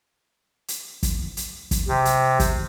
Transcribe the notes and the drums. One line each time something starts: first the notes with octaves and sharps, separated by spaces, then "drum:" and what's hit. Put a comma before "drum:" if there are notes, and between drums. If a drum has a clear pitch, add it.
drum: hi-hat
drum: kick, hi-hat
drum: hi-hat
drum: kick, hi-hat
C3
drum: hi-hat
drum: kick, hi-hat